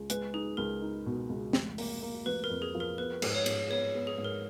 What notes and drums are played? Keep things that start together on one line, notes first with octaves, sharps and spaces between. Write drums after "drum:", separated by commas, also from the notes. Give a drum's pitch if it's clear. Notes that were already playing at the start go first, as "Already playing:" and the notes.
Already playing: C#2
G#3 B4, drum: hi-hat
D#4 G#4
C#2 A#4
D#4
B2
C#2
F1, drum: snare
A#3, drum: open hi-hat
A#3
F1 B4
A#4
F2
G#4
F3
A#4
B3 B4
G#2, drum: cymbal
C#5
G#2, drum: cymbal
B3 C#5
B3
G#4
G#2
A#4